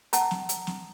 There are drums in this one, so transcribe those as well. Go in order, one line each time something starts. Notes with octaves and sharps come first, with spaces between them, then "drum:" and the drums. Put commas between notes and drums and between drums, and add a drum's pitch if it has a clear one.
F#5 A5 A#5, drum: hi-hat
drum: snare
drum: hi-hat
drum: snare